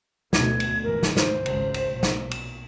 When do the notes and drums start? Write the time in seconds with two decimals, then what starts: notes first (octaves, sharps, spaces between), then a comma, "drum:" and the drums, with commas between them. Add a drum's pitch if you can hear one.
0.33 D2 B2 A3 G#6, drum: snare
0.60 drum: cymbal
0.84 G#1 E3 A#4
1.03 drum: snare
1.17 C5, drum: snare
1.46 G#1 C#2 C#3, drum: cymbal
1.74 drum: cymbal
1.92 B1 A#2
2.03 drum: snare
2.31 drum: cymbal